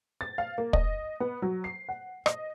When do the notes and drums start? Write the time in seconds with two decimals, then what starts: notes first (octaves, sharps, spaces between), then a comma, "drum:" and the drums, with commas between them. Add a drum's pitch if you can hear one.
0.21 A6
0.38 F5
0.58 A#3
0.73 D#5, drum: kick
1.20 B3
1.42 F#3
1.64 C7
1.89 F#5
2.26 D#5, drum: rim click